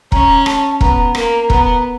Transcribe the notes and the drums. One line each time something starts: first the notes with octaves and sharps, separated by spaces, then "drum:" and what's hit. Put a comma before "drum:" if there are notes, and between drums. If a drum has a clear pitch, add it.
C#4 A#5, drum: kick E1
A5, drum: rim click
B3 A#5, drum: kick E1
A#3, drum: rim click
B3, drum: kick E1